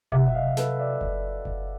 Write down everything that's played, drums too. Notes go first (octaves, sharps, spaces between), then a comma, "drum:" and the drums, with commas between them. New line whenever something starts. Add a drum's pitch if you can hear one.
C3 E5 F#5, drum: kick F#1
B2 E5
D#5 F5
C3
A4 B4, drum: snare
D5 E5
drum: kick F#1
drum: kick F#1